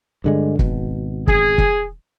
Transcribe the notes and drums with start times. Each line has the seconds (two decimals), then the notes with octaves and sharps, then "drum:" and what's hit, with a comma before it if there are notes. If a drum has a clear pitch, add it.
0.24 G2 D3 G#3
0.59 G#1 B2, drum: kick
1.27 G#4, drum: kick
1.58 drum: kick